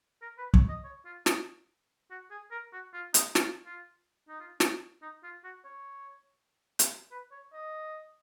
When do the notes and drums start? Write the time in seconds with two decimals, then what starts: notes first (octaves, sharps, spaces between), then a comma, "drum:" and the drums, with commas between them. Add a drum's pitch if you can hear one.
0.22 A#4
0.38 B4
0.54 C#5, drum: kick
0.69 D#5
0.84 C#5
1.05 F4
1.26 D#4, drum: snare
2.10 F#4
2.31 G#4
2.51 A#4
2.73 F#4
2.93 F4
3.14 D#4, drum: hi-hat
3.35 F4, drum: snare
3.66 F4
4.28 D#4
4.40 F4
4.60 D#4, drum: snare
5.02 D#4
5.24 F4
5.44 F#4
5.64 C#5
6.79 drum: hi-hat
7.11 B4
7.32 C#5
7.53 D#5